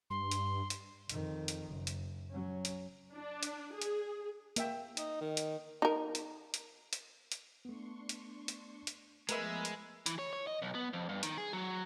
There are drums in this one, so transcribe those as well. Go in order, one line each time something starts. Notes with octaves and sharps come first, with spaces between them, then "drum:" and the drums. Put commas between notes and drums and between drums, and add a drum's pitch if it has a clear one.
G2 C6
drum: hi-hat
drum: hi-hat
F2 D#3, drum: hi-hat
drum: hi-hat
F#1
drum: hi-hat
F#3 C#4
drum: hi-hat
D4
drum: hi-hat
G#4
drum: hi-hat
A#3 E5 G5, drum: hi-hat
D#4, drum: hi-hat
D#3
drum: hi-hat
D#4 A#4
drum: hi-hat
drum: hi-hat
drum: hi-hat
drum: hi-hat
A3 B3 D4 C6 C#6
drum: hi-hat
drum: hi-hat
drum: hi-hat
F3 G#3 A3 B3 A#4 B4 E5 D6, drum: hi-hat
drum: hi-hat
E3, drum: hi-hat
C#5
C#5
D#5
B1
B3
F2
G2
D#3, drum: hi-hat
G#4
F#3